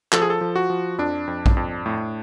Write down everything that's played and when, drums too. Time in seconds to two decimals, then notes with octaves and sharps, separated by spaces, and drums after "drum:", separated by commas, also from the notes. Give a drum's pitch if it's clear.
0.12 F3 A4, drum: clap
0.22 G#4
0.30 A4
0.41 F3
0.56 F#4
0.70 F3
0.98 F2 D4
1.27 F2
1.46 drum: kick A#1
1.57 F2
1.86 A2